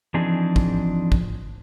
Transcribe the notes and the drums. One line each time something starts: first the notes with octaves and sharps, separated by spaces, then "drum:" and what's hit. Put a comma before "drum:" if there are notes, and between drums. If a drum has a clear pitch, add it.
E3 F3 C4 D4 D#4 G#4
drum: kick
drum: kick